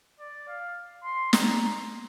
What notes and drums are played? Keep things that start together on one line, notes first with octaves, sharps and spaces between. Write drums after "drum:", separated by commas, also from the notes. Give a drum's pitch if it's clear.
D5
F5
C6
A#5, drum: snare